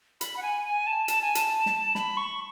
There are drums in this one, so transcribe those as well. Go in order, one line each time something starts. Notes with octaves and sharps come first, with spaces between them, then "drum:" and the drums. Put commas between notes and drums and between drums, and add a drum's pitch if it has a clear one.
B5, drum: hi-hat
F#5
G#5
G#5
A5
A5, drum: hi-hat
G#5
A5, drum: hi-hat
drum: snare
B5, drum: snare
C#6